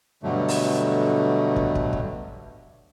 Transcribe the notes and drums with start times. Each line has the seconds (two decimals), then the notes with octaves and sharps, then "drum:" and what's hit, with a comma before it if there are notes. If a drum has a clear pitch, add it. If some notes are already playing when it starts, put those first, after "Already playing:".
0.23 G2 B2 D3 F#3 A3
0.48 drum: open hi-hat
1.56 drum: kick
1.75 drum: kick
1.93 drum: kick